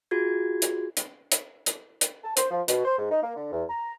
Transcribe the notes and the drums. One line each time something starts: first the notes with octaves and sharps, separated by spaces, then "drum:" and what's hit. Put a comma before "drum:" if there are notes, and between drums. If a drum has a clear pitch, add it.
F4 F#4 G#4 G#6
drum: hi-hat
drum: hi-hat
drum: hi-hat
drum: hi-hat
drum: hi-hat
A5
C5, drum: hi-hat
F3
B2, drum: hi-hat
C5
G#2
D#4
A#3
D3
E2
A#5